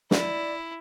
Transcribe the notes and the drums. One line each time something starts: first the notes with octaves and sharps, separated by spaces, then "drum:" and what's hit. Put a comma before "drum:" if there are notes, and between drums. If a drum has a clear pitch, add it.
E4 D5, drum: snare